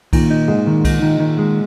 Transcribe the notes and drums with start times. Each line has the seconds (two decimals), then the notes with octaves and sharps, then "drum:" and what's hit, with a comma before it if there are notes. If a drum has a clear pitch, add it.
0.13 A#2 D#3, drum: kick C2, cymbal
0.30 D#4
0.48 G#2 G#3
0.67 D#3
0.85 D#4, drum: kick C2, cymbal
1.03 D#3
1.20 D#3
1.39 G#3